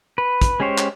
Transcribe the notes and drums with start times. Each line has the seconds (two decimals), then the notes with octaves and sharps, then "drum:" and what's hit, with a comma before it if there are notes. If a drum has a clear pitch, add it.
0.18 B4
0.42 drum: kick, hi-hat
0.60 G#3 C#4 G4 C5 C#5
0.78 drum: clap